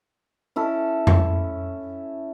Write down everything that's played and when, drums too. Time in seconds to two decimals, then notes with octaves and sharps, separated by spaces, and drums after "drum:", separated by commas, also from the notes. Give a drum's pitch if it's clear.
0.56 C#4 E4 A4
1.07 drum: tom F2